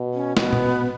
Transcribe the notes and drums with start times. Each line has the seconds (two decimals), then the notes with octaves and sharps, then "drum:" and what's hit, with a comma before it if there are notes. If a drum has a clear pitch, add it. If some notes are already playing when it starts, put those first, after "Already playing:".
Already playing: B2
0.14 C#4
0.37 B2 B3, drum: snare
0.53 drum: tom